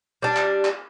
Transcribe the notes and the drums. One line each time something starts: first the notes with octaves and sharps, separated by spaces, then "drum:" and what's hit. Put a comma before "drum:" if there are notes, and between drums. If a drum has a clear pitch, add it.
G3 D4
drum: clap
drum: clap